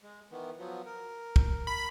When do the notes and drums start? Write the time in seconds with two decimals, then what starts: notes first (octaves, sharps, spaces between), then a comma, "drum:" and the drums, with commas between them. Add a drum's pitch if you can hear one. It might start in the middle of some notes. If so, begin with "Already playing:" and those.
0.03 G#3
0.31 D#3 E3 B3
0.59 F3 F#3 B3
0.86 A#4
1.36 drum: kick
1.67 B5